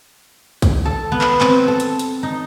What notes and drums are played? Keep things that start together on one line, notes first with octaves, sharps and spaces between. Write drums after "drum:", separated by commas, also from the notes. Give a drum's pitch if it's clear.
drum: kick, hi-hat
A4
B3
drum: clap
C4, drum: clap
A4
drum: hi-hat
drum: hi-hat
D#4